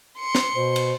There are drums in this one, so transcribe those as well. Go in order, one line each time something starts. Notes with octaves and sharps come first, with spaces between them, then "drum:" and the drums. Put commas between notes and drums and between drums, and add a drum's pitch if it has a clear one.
C6 C#7
drum: snare
B2 C5
drum: cymbal